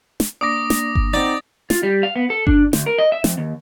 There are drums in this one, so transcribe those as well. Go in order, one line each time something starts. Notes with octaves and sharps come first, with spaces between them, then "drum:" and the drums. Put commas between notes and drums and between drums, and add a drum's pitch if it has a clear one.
drum: snare
A#3 D4 D5 D6 D#6 A#6
drum: snare
drum: kick G1
C4 D#4 D5 F#5 A6
F4, drum: snare
G3
F5
B3
A4
D4, drum: kick G1
D2, drum: snare
A#4
D#5
E5
F2, drum: snare
D#2